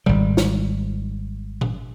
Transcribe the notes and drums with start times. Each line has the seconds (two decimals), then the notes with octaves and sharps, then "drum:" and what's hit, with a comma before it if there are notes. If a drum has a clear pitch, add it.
0.06 G#1 G3, drum: tom A#2
0.37 drum: snare
1.61 drum: tom A#2